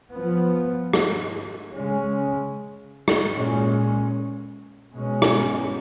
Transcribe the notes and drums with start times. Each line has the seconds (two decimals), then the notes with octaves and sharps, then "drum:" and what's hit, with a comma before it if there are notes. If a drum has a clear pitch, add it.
0.13 F3 B3
0.93 drum: rim click
1.74 C#3 G#3 C#4
3.08 drum: rim click
3.35 A#2 G#3 C#4
4.95 B2 G#3 C#4
5.22 drum: rim click